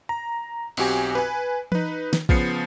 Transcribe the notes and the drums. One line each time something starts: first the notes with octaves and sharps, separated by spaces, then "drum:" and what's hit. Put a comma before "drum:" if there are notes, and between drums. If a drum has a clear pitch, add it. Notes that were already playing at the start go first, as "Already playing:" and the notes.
A#5
B1 C4 F#4 G4 G#5, drum: cymbal
B4 G#5
D#4 B4, drum: tom E3
drum: snare
C#3 F3 B3 C7 C#7, drum: kick